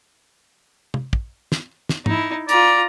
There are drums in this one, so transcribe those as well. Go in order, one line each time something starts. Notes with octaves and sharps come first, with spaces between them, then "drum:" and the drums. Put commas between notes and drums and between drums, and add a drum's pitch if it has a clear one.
drum: tom
drum: kick
drum: snare
drum: snare
D#4 E4, drum: tom G#2
F4 D5 A#5, drum: hi-hat